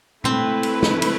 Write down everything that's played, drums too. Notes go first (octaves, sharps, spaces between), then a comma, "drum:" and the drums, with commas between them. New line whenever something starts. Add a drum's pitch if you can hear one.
A3 C4 E4 B4, drum: tom A#2
drum: cymbal
drum: snare
drum: cymbal